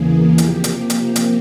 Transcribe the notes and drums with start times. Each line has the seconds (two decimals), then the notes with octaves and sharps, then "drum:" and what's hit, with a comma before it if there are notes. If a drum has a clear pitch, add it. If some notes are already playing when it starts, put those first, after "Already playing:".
Already playing: E2 C#3 E3 A#3 G#4
0.38 C3 F3 A#3 G4, drum: hi-hat
0.64 drum: hi-hat
0.90 drum: hi-hat
1.16 drum: hi-hat